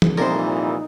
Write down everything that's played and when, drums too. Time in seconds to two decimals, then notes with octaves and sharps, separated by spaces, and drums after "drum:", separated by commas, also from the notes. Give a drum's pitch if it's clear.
0.02 drum: tom E3
0.18 C2 F2 A#2 E3 G3 D#4 A#4 C5